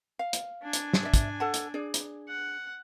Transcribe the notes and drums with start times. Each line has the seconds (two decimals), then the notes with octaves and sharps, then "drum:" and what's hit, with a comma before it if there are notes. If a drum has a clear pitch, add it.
0.19 F5
0.33 drum: hi-hat
0.62 D4 G#5
0.73 drum: hi-hat
0.93 drum: snare
1.03 D5 E5
1.14 drum: kick, hi-hat
1.40 A4 F#5 A5
1.54 drum: hi-hat
1.74 D4 G#4 D5
1.94 drum: hi-hat
2.28 F#5